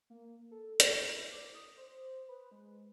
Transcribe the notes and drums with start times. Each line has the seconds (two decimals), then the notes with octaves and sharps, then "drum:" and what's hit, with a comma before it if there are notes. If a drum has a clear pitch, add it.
0.10 A#3
0.51 A4
0.80 drum: hi-hat
1.07 E4
1.32 D6
1.55 D#6
1.77 C5
2.29 B4
2.51 G#3